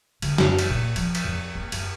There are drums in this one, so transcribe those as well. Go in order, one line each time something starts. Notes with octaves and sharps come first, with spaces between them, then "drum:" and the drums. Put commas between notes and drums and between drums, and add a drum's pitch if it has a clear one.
D3, drum: cymbal
F#2, drum: snare
drum: cymbal
A#2
F3, drum: cymbal
drum: cymbal
F2
C4
F#2, drum: cymbal